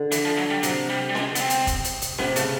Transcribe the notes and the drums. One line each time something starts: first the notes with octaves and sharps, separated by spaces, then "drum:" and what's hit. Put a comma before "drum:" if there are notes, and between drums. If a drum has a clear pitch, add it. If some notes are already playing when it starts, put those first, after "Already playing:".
Already playing: D3
E3, drum: hi-hat
F3
F#3
G3
C3 F#3, drum: hi-hat
G3
G3
G#3, drum: snare C#4
B3, drum: hi-hat
C4
drum: hi-hat
drum: kick, hi-hat
drum: hi-hat
drum: hi-hat
C3 B3, drum: snare C#4
C#3 A3, drum: hi-hat